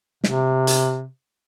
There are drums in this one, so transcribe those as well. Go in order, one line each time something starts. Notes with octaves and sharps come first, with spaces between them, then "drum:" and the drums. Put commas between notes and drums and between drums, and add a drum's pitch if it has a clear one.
C3, drum: snare
drum: hi-hat